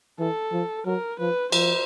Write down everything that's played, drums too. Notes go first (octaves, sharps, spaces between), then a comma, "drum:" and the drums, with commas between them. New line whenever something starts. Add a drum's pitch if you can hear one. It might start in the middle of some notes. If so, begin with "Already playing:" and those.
E3 A4
F3
F#3 A#4
F3 B4
F3 C5, drum: cymbal